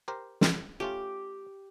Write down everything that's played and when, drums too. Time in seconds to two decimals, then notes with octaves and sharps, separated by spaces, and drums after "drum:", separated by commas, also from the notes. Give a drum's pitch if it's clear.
0.08 G4 A#4 C5
0.41 drum: snare
0.80 A3 C#4 F4 G4